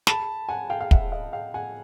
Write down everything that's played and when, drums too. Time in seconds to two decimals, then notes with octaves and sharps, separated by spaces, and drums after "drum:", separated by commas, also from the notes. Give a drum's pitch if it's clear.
0.07 A5 B5, drum: snare
0.49 F#5 G#5
0.70 F5 G5
0.81 F5
0.91 E5 F#5, drum: kick
1.12 D#5 F5
1.33 F5 G5
1.54 F#5 G#5